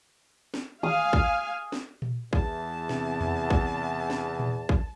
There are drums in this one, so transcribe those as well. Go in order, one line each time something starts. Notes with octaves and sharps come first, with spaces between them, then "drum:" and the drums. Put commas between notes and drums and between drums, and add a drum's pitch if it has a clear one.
drum: snare
F5 G#5 D#6, drum: tom D#3
drum: kick
drum: snare
drum: tom A#2
E2 A5, drum: kick
C3, drum: snare
drum: tom E2
drum: kick
drum: snare
drum: tom A#2
drum: kick